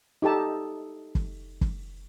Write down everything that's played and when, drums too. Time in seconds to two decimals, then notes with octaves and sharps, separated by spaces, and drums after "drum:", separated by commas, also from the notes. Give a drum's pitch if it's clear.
0.22 D#4 G4 A4 A5
1.15 drum: kick F#1
1.61 drum: kick F#1